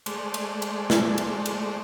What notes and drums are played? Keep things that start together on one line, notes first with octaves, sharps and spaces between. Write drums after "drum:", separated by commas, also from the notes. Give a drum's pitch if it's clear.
G#3 A3 C5 D5, drum: cymbal
drum: cymbal
drum: cymbal
drum: snare
drum: cymbal
drum: cymbal